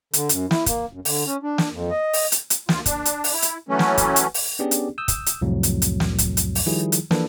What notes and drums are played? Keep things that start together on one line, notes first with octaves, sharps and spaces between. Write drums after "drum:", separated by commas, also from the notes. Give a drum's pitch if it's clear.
D3, drum: hi-hat
F#2, drum: hi-hat
E4, drum: snare
A#3, drum: kick, hi-hat
F#2
D3, drum: open hi-hat
C#4
D4
drum: snare
F2
D#5
drum: open hi-hat
drum: hi-hat
drum: hi-hat
D2 F4, drum: snare
D4, drum: kick, hi-hat
drum: hi-hat
drum: open hi-hat
E4
drum: hi-hat
E3 F#3 A3 C#4
drum: snare
drum: kick, hi-hat
drum: hi-hat
drum: open hi-hat
B3 C#4 D4 G4 G#4 D5
drum: hi-hat
D#6 E6 G6
drum: kick, hi-hat
drum: hi-hat
C2 F2 A2 F#3
drum: hi-hat
drum: hi-hat
drum: snare
drum: kick, hi-hat
drum: hi-hat
drum: open hi-hat
D#3 F3 G3 E4 G#4
drum: hi-hat
E3 F3 A#3 D4 A4 B4, drum: snare